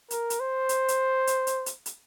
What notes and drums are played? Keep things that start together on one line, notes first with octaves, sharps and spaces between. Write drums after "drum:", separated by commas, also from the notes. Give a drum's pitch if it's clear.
A#4, drum: hi-hat
drum: hi-hat
C5
drum: hi-hat
drum: hi-hat
drum: hi-hat
drum: hi-hat
drum: hi-hat
drum: hi-hat